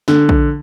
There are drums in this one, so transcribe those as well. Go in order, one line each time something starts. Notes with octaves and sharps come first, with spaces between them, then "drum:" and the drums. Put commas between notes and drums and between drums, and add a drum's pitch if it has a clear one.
D3, drum: snare
drum: kick A#1